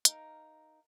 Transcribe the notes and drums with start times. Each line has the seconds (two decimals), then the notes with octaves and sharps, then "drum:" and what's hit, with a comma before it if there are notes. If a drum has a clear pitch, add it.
0.05 D#4 A#4 F5, drum: hi-hat